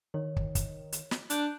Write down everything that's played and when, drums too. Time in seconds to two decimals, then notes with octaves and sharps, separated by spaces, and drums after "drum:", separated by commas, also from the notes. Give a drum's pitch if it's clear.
0.14 D#3 C#5
0.36 drum: kick
0.55 drum: kick, hi-hat
0.92 drum: hi-hat
1.11 drum: snare
1.30 D4 F#6 G6 D7, drum: hi-hat